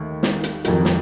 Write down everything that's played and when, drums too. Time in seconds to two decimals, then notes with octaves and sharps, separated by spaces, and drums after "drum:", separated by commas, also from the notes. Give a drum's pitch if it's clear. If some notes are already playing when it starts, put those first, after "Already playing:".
Already playing: D#2 D#3 A3
0.23 drum: snare
0.44 drum: hi-hat
0.65 F2 D#3 F#3, drum: hi-hat
0.85 drum: snare